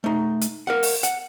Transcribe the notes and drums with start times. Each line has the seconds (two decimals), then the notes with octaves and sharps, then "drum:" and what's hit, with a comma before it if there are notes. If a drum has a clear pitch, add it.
0.04 A3 D#4
0.42 drum: hi-hat
0.67 A#4 F5 F#5
0.83 drum: open hi-hat
1.03 F#5, drum: hi-hat